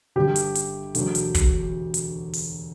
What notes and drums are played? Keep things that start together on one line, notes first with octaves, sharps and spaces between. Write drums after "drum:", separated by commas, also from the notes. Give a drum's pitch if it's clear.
G1 G2 D3 G4
drum: hi-hat
drum: hi-hat
E1 D2 D3 F#3, drum: hi-hat
drum: hi-hat
drum: kick, hi-hat
drum: hi-hat
drum: open hi-hat